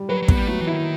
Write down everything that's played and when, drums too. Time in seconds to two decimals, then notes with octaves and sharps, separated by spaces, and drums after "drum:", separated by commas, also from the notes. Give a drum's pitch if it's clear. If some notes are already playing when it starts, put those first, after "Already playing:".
Already playing: G3
0.09 F#3 B4
0.22 F#3
0.28 B3, drum: kick
0.35 G3
0.47 F#3 A3
0.61 E3
0.67 E4
0.73 D#3